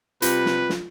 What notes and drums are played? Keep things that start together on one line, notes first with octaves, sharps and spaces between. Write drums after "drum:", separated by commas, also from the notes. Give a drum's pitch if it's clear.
C3 G3 F4 B4, drum: hi-hat
drum: snare
drum: snare